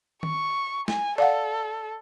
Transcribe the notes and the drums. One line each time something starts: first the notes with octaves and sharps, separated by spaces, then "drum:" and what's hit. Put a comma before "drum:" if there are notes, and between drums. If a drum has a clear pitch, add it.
C#6, drum: tom D#3
G#5, drum: snare
A4 D5 F5 F#5